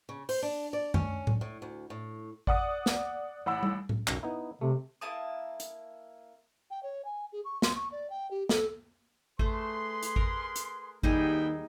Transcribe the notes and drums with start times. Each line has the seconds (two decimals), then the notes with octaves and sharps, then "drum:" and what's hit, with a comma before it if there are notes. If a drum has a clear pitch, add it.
0.09 C#3
0.29 C5, drum: open hi-hat
0.42 D4
0.73 D5
0.94 C#4, drum: tom F#2
1.27 drum: tom A2
1.41 A2
1.62 D2
1.90 A2
2.47 D5 F#5 D#6, drum: kick G#1
2.86 drum: snare
3.46 A1 F#5 B5 E6
3.63 drum: tom G3
3.89 drum: tom A2
4.07 B1 F#2, drum: clap
4.23 B3 D#4 E4
4.61 C3 A3
5.01 A#3 E4 A5 D#6
5.60 drum: hi-hat
6.71 G5
6.83 C#5
7.05 G#5
7.32 G#4
7.45 C#6
7.62 C6, drum: snare
7.76 C#6
7.92 D5
8.10 G5
8.31 G4
8.49 A4, drum: snare
9.39 A3 G#4 B4 C6, drum: kick G#1
10.03 drum: hi-hat
10.16 A#4, drum: kick G#1
10.56 drum: hi-hat
11.03 D#2 G3 B3 D#4 E4 G#4 G5, drum: kick G#1